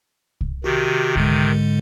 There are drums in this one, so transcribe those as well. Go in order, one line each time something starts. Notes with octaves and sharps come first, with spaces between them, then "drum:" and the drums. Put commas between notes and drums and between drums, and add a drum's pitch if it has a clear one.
drum: kick C2
C3 D#3 F#4 G4
G#2 D3 G#3, drum: kick C2